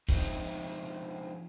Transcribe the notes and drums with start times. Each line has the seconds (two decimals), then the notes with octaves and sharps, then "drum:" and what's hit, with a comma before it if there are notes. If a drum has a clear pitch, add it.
0.08 F3 G#3 C4 D#4, drum: kick